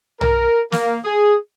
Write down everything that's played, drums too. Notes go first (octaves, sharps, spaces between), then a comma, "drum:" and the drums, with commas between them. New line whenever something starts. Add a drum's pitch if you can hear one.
A#4, drum: tom B1
A#3, drum: snare
G#4